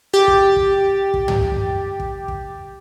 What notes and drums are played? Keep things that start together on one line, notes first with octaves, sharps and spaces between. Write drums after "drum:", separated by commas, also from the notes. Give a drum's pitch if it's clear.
G4 A6
drum: kick
drum: kick
drum: kick
drum: tom
drum: kick
drum: kick
drum: kick